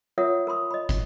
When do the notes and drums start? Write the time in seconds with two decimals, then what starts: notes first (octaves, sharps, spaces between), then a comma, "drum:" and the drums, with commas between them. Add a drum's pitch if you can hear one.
0.18 F4 A#4 C#5 E5 F#5 D#6
0.47 A#4 B5 C6 D#6
0.71 D#5 B5
0.89 drum: kick, hi-hat